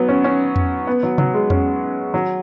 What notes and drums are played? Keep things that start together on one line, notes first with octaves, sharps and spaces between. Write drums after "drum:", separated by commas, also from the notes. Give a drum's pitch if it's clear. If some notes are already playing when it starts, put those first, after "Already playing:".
Already playing: F#3 B3
C#4
C#4
drum: tom E2
B3
F#3
F#3, drum: tom C3
G#3
C#4, drum: tom E2
F#3